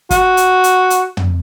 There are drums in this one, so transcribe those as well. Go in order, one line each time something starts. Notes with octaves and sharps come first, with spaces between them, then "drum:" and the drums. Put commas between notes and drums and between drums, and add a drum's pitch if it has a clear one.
F#4, drum: kick, hi-hat
drum: hi-hat
drum: hi-hat
drum: hi-hat
drum: tom